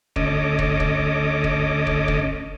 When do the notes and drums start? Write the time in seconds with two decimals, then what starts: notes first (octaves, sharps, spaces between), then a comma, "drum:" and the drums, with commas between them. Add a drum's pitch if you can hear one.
0.16 D2 C#4 A4 D#5 D6, drum: kick
0.59 drum: kick
0.80 drum: kick
1.44 drum: kick
1.87 drum: kick
2.08 drum: kick